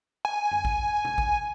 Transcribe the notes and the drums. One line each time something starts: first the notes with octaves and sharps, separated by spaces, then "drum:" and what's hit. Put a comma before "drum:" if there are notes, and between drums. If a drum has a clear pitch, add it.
G#5
drum: tom F#2
drum: kick A1
drum: tom B2
drum: kick A1